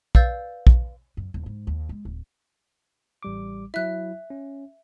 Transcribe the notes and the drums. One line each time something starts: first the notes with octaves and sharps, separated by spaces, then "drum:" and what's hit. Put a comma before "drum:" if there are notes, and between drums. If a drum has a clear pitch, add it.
B4 D5 F5 E6 G6 A6, drum: kick A#1
drum: kick A#1
F#2
D#1
G#2
D#2
G#3
D1
A1 G3 D6
F#3 E4 E5 F#6
C#4